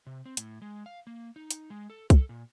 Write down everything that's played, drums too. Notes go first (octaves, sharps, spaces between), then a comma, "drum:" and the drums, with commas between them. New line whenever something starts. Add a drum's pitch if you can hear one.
C3
C4
A2, drum: hi-hat
G#3
F5
A#3
D#4
drum: hi-hat
G#3
A4
A4, drum: kick C2, hi-hat
A#2